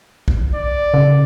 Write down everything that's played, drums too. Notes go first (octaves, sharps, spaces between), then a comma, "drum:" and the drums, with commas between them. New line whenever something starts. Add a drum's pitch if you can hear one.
drum: kick
D5
C#3